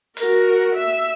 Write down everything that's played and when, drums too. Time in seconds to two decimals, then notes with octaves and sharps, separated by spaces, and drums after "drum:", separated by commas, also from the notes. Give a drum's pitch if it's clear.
0.17 F#4 A#4, drum: open hi-hat
0.76 E5